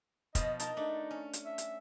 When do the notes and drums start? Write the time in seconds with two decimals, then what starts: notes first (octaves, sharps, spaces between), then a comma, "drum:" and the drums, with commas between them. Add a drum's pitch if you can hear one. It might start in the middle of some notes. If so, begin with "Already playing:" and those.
0.35 B2 F3 D#5, drum: kick, hi-hat
0.60 D#4 A#4 A5, drum: hi-hat
0.77 A3 D4 D#4
1.11 C#4
1.33 drum: hi-hat
1.45 E5
1.58 drum: hi-hat